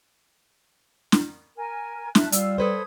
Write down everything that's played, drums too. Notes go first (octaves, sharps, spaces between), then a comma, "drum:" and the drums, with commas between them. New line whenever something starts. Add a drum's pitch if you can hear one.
drum: snare
A#4 G#5
E5 A5 F#6, drum: snare
G3 F4 E6, drum: hi-hat
A4 B4 C5 D#6 G#6